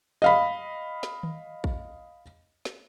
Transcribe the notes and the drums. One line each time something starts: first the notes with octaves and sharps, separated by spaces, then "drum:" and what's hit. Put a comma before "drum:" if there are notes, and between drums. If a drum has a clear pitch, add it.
D#5 F5 B5
drum: snare
drum: tom D#3
drum: kick
drum: snare